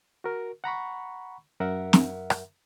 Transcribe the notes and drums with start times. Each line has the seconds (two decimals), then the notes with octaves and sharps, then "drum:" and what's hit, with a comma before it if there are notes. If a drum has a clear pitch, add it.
0.24 F#4 A#4
0.64 F#5 A#5 B5 C#6
1.60 F#2 A#4 E5 F#5
1.93 drum: snare
2.30 drum: rim click